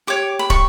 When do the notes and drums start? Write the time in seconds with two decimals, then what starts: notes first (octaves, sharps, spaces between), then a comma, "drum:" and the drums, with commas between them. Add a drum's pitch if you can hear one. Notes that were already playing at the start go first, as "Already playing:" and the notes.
0.07 G4 C#5 D6
0.39 B5
0.50 C#6, drum: kick